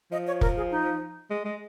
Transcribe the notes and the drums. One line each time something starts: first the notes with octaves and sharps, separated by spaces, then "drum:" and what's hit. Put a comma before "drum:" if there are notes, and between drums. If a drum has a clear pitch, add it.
F3 D#5
C#5
A#4, drum: kick
G#4
D#4
G#3
G#3